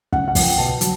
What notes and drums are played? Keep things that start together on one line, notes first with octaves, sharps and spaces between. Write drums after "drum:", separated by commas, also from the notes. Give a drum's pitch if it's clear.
C#3 F#5, drum: kick
F#5
F3, drum: kick, open hi-hat
G5
B2 A5
F#3, drum: hi-hat